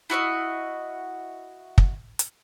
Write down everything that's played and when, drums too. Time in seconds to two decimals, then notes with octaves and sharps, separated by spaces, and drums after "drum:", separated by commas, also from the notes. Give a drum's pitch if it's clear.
0.10 E4 F#4 D5 D#5
1.78 drum: kick
2.19 drum: hi-hat